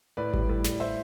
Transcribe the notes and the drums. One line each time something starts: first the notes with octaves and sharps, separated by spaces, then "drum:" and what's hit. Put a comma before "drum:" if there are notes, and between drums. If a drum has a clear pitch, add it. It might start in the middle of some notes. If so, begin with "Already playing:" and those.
A2 B4 D5
G3, drum: kick G#1
A2
G3, drum: snare
A2 C5 E5